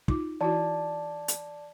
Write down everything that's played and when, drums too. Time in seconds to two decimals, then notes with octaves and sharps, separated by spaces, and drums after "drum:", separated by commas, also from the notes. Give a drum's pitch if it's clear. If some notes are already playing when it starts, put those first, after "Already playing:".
0.08 D#4 F4 D6, drum: kick
0.41 E3 E4 F#4 D5 A5
1.28 drum: hi-hat